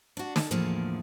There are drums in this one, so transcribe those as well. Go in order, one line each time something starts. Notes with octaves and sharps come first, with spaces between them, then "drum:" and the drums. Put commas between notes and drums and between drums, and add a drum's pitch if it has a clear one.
D4 F#4
A4, drum: snare
E2 A2 D3 F3 A#3 G#4